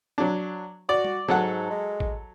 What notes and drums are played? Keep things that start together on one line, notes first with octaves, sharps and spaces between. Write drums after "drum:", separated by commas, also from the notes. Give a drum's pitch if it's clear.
F#3 D4
F#4 D5
drum: tom G3
G#2 F#3 A4 F#5, drum: snare
G#3
drum: kick A1